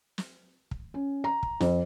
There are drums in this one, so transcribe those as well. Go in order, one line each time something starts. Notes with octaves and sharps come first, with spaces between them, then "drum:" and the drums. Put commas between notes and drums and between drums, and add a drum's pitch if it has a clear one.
drum: snare
drum: kick
C#4
A#5
drum: kick
F2, drum: snare